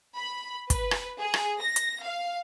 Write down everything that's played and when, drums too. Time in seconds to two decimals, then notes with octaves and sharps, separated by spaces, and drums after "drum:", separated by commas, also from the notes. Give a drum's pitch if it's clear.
0.17 B5
0.70 B4, drum: kick, hi-hat
0.91 drum: rim click
1.18 G#4
1.34 drum: rim click
1.62 A#6
1.76 drum: hi-hat
2.04 F5